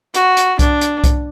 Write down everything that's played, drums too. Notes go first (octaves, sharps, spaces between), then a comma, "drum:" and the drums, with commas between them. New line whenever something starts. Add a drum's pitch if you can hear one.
F#4, drum: hi-hat
drum: hi-hat
D4, drum: kick C2, hi-hat
drum: hi-hat
drum: kick C2, hi-hat